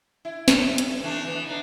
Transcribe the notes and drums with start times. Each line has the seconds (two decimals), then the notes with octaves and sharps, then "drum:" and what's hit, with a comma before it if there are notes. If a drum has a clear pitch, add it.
0.25 E4
0.48 F#3 A4 C#5, drum: snare
0.66 G2
0.78 drum: hi-hat
1.03 E3 A3 D4
1.24 E3 B3
1.46 D4 D#4